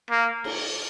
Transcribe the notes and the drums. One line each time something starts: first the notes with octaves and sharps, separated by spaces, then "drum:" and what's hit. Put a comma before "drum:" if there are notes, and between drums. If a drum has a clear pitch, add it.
A#3
drum: cymbal